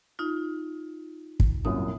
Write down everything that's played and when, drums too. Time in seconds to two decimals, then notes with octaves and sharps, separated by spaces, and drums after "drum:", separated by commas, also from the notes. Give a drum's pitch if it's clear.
0.19 D#4 F4
1.40 drum: kick
1.65 C2 F#2 A#2 D#6